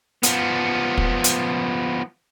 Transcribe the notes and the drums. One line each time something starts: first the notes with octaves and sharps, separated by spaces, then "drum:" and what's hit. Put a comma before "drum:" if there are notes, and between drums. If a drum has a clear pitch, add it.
F3 B3, drum: hi-hat
drum: kick
drum: hi-hat